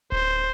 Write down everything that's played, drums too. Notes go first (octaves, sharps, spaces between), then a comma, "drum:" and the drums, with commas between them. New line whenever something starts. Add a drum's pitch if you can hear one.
C5, drum: kick D1